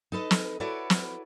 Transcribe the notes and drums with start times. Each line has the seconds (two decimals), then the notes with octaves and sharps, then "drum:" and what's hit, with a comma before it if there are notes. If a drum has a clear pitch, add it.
0.12 D#4 A4 B4 D#5
0.31 drum: snare
0.60 E4 F#4 A4 B4 C#5 D5
0.90 drum: snare